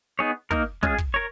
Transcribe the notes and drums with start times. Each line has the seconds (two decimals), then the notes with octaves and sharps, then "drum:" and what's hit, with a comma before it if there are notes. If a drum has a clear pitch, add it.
0.19 B3 D#4 G#4 C#5
0.51 A#3 D#4 A#4, drum: kick
0.83 G#3 C#4 F4 G#4, drum: kick
0.98 drum: kick
1.14 A#4 C#5